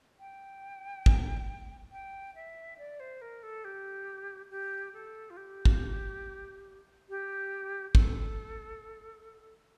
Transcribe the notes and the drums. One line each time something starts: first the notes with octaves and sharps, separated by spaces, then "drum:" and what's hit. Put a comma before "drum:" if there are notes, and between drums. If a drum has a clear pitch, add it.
G5
drum: kick
G5
E5
D5
C5
A#4
A4
G4
G4
A4
F4
G4
drum: kick
G4
A4, drum: kick